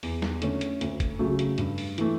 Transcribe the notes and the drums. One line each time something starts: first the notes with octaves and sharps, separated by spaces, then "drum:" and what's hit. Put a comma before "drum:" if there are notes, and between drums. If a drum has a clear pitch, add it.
E2, drum: open hi-hat
drum: snare
D3 A3 C#4, drum: hi-hat
drum: hi-hat
D2, drum: hi-hat
drum: kick, hi-hat
C#3 F#3 A3
drum: hi-hat
G2, drum: hi-hat
drum: open hi-hat
E3 A3, drum: hi-hat